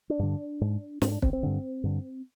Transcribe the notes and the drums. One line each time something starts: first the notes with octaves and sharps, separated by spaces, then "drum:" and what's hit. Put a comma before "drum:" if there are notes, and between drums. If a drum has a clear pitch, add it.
D4
G2 D3
G#2
G#2 C4, drum: snare
D4
C4, drum: kick
C4
G2 D3
G2 D3